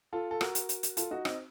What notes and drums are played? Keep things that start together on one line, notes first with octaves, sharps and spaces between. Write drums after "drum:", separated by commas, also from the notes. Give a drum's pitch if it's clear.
F4 A4
A4
F#4 A#4, drum: rim click
drum: hi-hat
drum: hi-hat
drum: hi-hat
F4 A4, drum: hi-hat
D#4 F#4
C4 D#4, drum: rim click